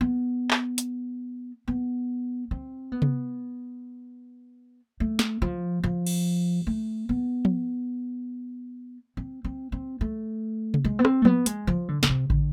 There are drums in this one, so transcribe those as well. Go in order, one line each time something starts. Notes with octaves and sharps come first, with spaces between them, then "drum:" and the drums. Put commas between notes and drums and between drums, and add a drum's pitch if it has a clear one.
B3
drum: clap
drum: hi-hat
B3
C4
B3
drum: tom C3
A3
drum: snare
F3
F3
drum: cymbal
A3
B3
drum: tom F3
C4
C4
C4
A3
drum: tom C3
G#3
B3
C4, drum: rim click
A3
B3, drum: tom F3
G#3, drum: hi-hat
F3
D3
D3, drum: snare
C3
D3, drum: kick